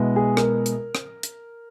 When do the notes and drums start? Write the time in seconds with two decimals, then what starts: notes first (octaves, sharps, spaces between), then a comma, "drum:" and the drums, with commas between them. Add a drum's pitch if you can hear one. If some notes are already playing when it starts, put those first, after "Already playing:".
Already playing: B2 G#3 B3 E4
0.16 G#4
0.37 A#4, drum: rim click
0.66 drum: hi-hat
0.95 drum: rim click
1.23 drum: hi-hat